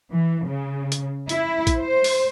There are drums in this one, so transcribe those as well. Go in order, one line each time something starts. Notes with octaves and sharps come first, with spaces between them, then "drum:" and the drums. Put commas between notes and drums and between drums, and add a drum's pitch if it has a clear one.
E3
C#3
drum: hi-hat
E4, drum: hi-hat
drum: kick, hi-hat
C5
drum: open hi-hat